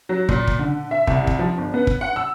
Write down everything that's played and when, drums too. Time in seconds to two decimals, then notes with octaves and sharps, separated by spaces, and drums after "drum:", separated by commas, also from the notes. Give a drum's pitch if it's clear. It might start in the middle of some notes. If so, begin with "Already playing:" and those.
0.09 F#3
0.29 A#2, drum: kick
0.47 drum: kick
0.59 D3
0.91 E5
1.07 C2, drum: kick
1.27 drum: kick
1.39 F3
1.58 G1
1.74 B3
1.87 drum: kick
2.01 F#5
2.16 E6